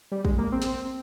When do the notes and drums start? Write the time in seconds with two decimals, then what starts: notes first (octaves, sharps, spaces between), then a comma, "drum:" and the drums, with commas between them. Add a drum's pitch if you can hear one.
0.12 G3
0.25 G#3, drum: kick
0.38 A#3
0.52 C4
0.62 drum: snare